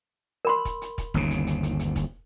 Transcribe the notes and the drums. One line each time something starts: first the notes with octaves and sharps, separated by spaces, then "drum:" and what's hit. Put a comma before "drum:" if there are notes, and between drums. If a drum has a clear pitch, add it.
A#4 B5 C6
drum: kick, hi-hat
drum: hi-hat
drum: kick, hi-hat
G1 D#2 C#3, drum: kick
drum: hi-hat
drum: hi-hat
drum: hi-hat
drum: hi-hat
drum: kick, hi-hat